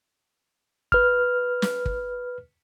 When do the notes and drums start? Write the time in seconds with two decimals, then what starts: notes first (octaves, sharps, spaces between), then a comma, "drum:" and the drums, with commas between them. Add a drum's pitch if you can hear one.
0.92 B4 F6, drum: kick
1.62 drum: snare
1.86 drum: kick